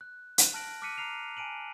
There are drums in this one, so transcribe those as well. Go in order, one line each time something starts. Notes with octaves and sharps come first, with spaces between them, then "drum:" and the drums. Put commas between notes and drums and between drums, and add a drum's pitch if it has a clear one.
F#6
drum: hi-hat
A5 F6 F#6 A#6 D7 F#7
D6 F6 F#6 B6 C#7 D#7
A#5 F6 C7 F7
G#5 A5 D7 D#7 F#7